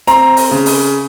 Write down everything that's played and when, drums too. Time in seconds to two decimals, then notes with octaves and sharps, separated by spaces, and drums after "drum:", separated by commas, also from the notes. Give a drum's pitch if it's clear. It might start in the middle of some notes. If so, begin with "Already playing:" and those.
0.07 C4 A#5 C6, drum: hi-hat
0.37 drum: open hi-hat
0.51 C#3
0.66 drum: open hi-hat